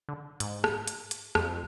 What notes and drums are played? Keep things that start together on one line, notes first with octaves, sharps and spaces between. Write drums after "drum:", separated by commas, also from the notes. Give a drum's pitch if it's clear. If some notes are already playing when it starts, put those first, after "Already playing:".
D3
G#2, drum: hi-hat
drum: rim click
drum: hi-hat
drum: hi-hat
F2, drum: rim click